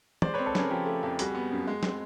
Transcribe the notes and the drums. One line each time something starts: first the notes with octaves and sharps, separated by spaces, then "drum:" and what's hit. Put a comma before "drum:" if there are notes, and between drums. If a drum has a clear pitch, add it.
G#3 C5 D5, drum: tom
C4 B4 C#5
A4 B4
C#3 G#4 A#4, drum: snare
F3 G4 A4
A3
F2
G3 F#4 G#4, drum: hi-hat
B3
F#2
G#3
C4, drum: snare